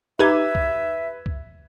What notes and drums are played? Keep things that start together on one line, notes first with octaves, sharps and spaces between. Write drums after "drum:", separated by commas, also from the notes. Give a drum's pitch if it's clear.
D#4 G4 B4 E5 G#6
drum: kick C2
drum: kick C2